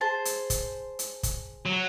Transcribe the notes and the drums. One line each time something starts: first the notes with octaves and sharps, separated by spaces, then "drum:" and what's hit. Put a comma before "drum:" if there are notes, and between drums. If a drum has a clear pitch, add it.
G#4 C5 A5
drum: hi-hat
drum: kick, hi-hat
drum: hi-hat
drum: kick, hi-hat
F#3